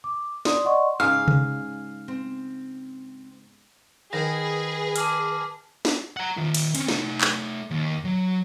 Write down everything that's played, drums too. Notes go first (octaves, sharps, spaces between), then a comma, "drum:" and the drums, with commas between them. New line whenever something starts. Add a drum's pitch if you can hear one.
D6
D5 C6 D#6, drum: snare
D5 D#5 F#5 C6 C#6
G#2 C#3 F5 G#5
drum: tom C3
C4
D#3 G#4 B4 A#6
A5 D6 F6, drum: hi-hat
drum: snare
F#5 A#5
D#3 F4
drum: cymbal
C4 C#4, drum: hi-hat
A3 D#4, drum: snare
drum: clap
D#2
F#3